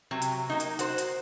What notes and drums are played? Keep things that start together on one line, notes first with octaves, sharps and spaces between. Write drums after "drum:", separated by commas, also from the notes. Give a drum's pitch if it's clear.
C3 F#3
drum: hi-hat
A#3 D#4
drum: hi-hat
F#4 C5, drum: hi-hat
drum: hi-hat